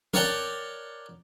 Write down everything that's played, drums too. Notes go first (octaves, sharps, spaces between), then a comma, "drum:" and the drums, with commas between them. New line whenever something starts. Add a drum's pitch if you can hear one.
A#4 C#5 D5 F#5 G5 A5, drum: tom F3